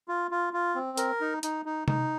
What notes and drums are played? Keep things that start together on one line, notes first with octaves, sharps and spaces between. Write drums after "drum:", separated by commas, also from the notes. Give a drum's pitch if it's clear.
F4
F4
F4
C4
A#4, drum: hi-hat
D#4
D#4, drum: hi-hat
D#4
D#4, drum: tom C3